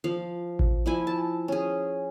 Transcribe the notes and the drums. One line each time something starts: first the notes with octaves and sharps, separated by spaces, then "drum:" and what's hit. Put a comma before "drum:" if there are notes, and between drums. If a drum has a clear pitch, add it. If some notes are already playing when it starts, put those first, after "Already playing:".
F3 F5
drum: kick A1
F3 E4 G#5
A5
C#4 G#4